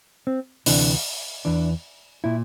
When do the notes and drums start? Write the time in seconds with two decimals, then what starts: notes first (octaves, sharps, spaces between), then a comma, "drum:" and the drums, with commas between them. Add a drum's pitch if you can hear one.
0.27 C4
0.66 D2 C3 E3 D4, drum: open hi-hat
1.45 E2 E3 D4
2.24 A#2 E4